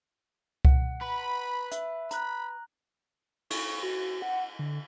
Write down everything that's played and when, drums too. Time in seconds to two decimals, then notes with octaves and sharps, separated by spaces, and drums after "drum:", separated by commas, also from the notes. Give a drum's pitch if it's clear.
0.65 F#5, drum: kick C2
1.02 B4 B5
1.71 E5, drum: hi-hat
2.11 A#5 B5 F#6, drum: hi-hat
3.50 C#6, drum: cymbal
3.83 F#4
4.22 F#5
4.59 D3